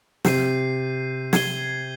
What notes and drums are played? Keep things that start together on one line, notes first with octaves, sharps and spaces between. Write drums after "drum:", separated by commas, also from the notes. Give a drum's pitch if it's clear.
C3 G6 C7 D#7, drum: snare
G#6 C7 D#7 G7, drum: snare